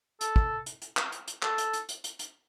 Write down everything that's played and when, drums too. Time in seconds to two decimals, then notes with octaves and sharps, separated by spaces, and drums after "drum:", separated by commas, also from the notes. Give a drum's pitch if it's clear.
0.21 A4, drum: hi-hat
0.36 drum: kick
0.66 drum: hi-hat
0.82 drum: hi-hat
0.97 drum: clap
1.12 drum: hi-hat
1.28 drum: hi-hat
1.42 A4, drum: clap
1.58 drum: hi-hat
1.73 drum: hi-hat
1.89 drum: hi-hat
2.04 drum: hi-hat
2.19 drum: hi-hat